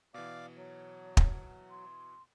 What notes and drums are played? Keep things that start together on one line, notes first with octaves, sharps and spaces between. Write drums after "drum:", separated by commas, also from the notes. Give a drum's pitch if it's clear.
B2 E3 D5 F5 D6
F#3 C#5
drum: kick
C6